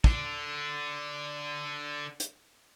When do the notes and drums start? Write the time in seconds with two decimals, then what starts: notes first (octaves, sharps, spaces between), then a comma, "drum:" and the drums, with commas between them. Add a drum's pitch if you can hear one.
0.04 D3 D4, drum: kick
2.20 drum: hi-hat